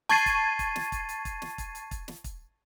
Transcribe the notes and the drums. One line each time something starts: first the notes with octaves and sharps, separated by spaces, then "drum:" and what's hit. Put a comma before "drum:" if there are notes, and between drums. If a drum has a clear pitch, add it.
A5 C#6 G#6 A6 C7 D#7, drum: snare
drum: kick, hi-hat
drum: kick, hi-hat
drum: snare
drum: kick, hi-hat
drum: hi-hat
drum: kick, hi-hat
drum: snare
drum: kick, hi-hat
drum: hi-hat
drum: kick, hi-hat
drum: snare
drum: kick, hi-hat